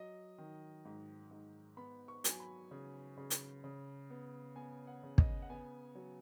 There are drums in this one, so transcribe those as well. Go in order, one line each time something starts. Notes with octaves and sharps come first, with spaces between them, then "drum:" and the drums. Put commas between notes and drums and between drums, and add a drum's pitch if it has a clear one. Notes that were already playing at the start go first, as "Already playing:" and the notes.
Already playing: F#3 D#5
D#3
G#2
G#2
B3 B5
C#6
F#3, drum: hi-hat
G#5
B5
C#3
C#3
drum: hi-hat
C#3
B3
B3 G#5
F#5
C#3
D#5, drum: kick
F#5
B3 G#5
F#3